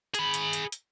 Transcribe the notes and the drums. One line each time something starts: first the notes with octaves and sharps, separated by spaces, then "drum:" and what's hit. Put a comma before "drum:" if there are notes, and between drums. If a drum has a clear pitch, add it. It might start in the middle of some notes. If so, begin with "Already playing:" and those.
G#4 B5, drum: hi-hat
drum: hi-hat
drum: hi-hat
drum: hi-hat